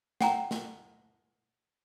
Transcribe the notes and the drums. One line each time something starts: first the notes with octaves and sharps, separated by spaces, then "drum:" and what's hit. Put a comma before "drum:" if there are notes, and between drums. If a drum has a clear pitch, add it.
F#5 G5 A#5, drum: snare
drum: snare